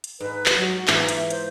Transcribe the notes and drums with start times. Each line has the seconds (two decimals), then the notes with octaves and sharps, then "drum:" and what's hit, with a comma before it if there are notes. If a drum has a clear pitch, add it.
0.04 drum: hi-hat
0.20 G#2 B4
0.46 drum: clap
0.56 F#3
0.88 G#2 E3 F4 E5, drum: clap
1.09 drum: hi-hat
1.30 C5, drum: hi-hat